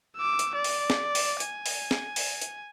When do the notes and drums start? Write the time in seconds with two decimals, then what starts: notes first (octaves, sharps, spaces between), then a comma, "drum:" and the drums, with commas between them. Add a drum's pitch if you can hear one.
0.16 D6 E6
0.39 drum: hi-hat
0.55 D5
0.64 drum: open hi-hat
0.90 drum: snare
1.15 drum: open hi-hat
1.40 G#5, drum: hi-hat
1.66 drum: open hi-hat
1.91 drum: snare
2.16 drum: open hi-hat
2.41 drum: hi-hat